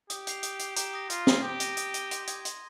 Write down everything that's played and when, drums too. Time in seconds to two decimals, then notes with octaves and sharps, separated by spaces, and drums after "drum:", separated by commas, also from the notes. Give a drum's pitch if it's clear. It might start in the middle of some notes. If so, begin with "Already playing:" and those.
0.10 G4 D#6, drum: hi-hat
0.27 G6 C7 F7, drum: hi-hat
0.43 D#6, drum: hi-hat
0.59 G6 C7 F7, drum: hi-hat
0.76 G4 A#5, drum: hi-hat
0.93 D#6 A#6
1.10 F4 A#5, drum: hi-hat
1.27 D#6 A#6, drum: snare
1.43 G4 D#6
1.60 A#6 D#7 G7, drum: hi-hat
1.77 D#6, drum: hi-hat
1.94 A#6 D#7 G7, drum: hi-hat
2.11 C6, drum: hi-hat
2.27 D#6 G#6, drum: hi-hat
2.45 C6, drum: hi-hat